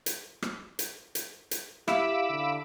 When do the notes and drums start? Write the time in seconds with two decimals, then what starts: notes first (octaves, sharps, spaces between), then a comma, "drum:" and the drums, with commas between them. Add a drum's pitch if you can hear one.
0.06 drum: hi-hat
0.42 drum: rim click
0.79 drum: hi-hat
1.15 drum: hi-hat
1.51 drum: hi-hat
1.88 E4 G4 F5 B5 D6 E6, drum: rim click
2.30 D3